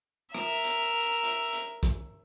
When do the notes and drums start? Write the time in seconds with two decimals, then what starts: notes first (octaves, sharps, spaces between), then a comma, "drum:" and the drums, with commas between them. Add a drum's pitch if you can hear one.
0.34 A#4 E5, drum: rim click
0.64 drum: hi-hat
1.23 drum: hi-hat
1.53 drum: hi-hat
1.83 drum: kick, hi-hat